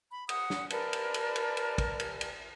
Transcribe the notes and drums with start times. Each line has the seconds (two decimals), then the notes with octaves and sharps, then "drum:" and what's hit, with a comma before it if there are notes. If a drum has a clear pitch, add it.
0.12 B5
0.29 F#5 D#6, drum: cymbal
0.50 drum: snare
0.70 A#4 B4 D5 A5, drum: cymbal
0.93 drum: cymbal
1.14 drum: cymbal
1.36 drum: cymbal
1.57 drum: cymbal
1.78 drum: kick, cymbal
2.00 drum: cymbal
2.21 drum: cymbal